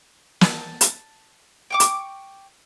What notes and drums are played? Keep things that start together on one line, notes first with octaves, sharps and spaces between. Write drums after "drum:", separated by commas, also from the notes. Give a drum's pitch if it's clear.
A5, drum: snare
drum: hi-hat
G5 C#6 D6
drum: hi-hat